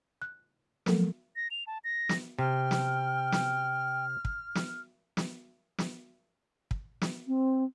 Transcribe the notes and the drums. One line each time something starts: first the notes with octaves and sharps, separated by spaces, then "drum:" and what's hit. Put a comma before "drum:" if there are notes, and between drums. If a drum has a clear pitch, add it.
F#6
F3 F#3 G#3 A#3 A4 A#4, drum: snare
A#6
F7
A5
A#6
drum: snare
C3 G5 F6
drum: snare
drum: snare
drum: kick
drum: snare
drum: snare
drum: snare
drum: kick
drum: snare
C4